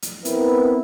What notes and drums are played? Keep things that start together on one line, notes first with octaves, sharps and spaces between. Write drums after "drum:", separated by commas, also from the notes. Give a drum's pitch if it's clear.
drum: hi-hat
B3 C4 E4 A#4 B4, drum: hi-hat